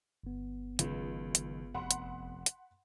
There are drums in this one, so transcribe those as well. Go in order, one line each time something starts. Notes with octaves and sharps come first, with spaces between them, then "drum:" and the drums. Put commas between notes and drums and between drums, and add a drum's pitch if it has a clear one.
G1 B3
C#2 D#3 F#3, drum: hi-hat
drum: hi-hat
F1 F#5 B5 C6
drum: hi-hat
drum: hi-hat